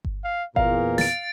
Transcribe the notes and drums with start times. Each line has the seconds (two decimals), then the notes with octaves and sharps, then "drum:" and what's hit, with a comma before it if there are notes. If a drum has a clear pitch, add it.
0.05 drum: kick G1
0.24 F5
0.56 E2 A#2 A#4 F5, drum: kick G1
0.98 A6 D7, drum: snare